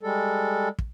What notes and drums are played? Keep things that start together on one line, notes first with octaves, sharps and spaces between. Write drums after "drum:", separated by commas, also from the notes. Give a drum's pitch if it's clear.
G3 G#3 A4
drum: kick